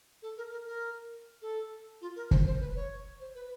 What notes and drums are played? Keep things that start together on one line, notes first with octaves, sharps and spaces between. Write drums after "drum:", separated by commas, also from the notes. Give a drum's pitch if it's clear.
A4
A#4
A#4
A#4
A4
F4
A#4
C5, drum: kick
C5
B4
C#5
C5
B4